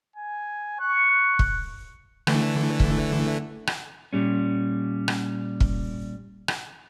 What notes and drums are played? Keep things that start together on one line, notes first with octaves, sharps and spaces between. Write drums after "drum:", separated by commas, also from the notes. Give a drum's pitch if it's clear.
G#5
C#6 F#6
F#6
drum: kick
D3 E3 A3, drum: rim click
drum: kick
drum: rim click
A#2 G3 C#4
drum: rim click
drum: kick
drum: rim click